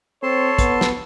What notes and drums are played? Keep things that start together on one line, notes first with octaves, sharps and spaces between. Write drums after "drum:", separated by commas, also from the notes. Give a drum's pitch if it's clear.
C4 A4 C#5 A5 C6
B3, drum: kick, hi-hat
drum: snare